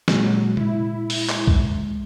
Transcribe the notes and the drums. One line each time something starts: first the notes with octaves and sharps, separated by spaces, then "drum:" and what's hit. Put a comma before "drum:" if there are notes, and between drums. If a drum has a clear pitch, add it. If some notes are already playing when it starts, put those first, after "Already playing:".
A#2 F#3 G#3, drum: snare
E4, drum: tom
drum: open hi-hat
drum: clap
drum: kick